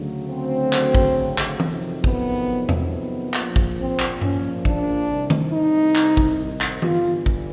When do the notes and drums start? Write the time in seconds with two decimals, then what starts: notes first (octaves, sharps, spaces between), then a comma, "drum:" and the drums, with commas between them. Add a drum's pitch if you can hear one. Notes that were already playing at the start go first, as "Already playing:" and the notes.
Already playing: D2 C#3 F#3
0.29 C4
0.73 drum: clap
0.95 drum: kick
1.38 drum: clap
1.60 F2 C3 D#3 F#3, drum: tom E3
2.04 B3, drum: kick
2.69 drum: tom E2
2.91 B3
3.34 A#1 A#2 F3, drum: clap
3.56 drum: kick
3.78 C4
3.99 drum: clap
4.21 C#4, drum: tom G2
4.65 D4, drum: kick
5.09 C2 C3 D#3
5.30 drum: tom D#3
5.52 D#4
5.95 drum: clap
6.17 drum: kick
6.61 drum: clap
6.82 G1 G2 E3 F4, drum: tom E3
7.26 drum: kick